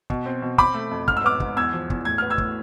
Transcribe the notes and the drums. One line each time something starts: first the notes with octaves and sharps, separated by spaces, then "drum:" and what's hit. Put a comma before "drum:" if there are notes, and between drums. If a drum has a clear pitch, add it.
B2, drum: kick
C4
B2
C4 B5 D6, drum: kick
A3
F2
G#2 F6, drum: kick
E6
B3 D6 F6
G#2, drum: kick
E2 E6 G#6
F3
E2, drum: kick
A2 G#6
B3 F6
E6 G#6
A2, drum: kick